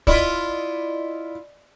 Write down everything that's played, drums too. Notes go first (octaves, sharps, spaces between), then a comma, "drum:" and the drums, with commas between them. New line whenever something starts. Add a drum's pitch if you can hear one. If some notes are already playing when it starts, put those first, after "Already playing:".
E4 F4 D5 D#5, drum: kick